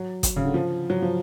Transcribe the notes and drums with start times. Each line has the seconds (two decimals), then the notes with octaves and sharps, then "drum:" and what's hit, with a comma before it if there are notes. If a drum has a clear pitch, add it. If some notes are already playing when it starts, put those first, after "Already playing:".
Already playing: F#3
0.23 drum: kick, hi-hat
0.36 C#3
0.44 D3
0.54 F3
0.90 F#3
1.02 F3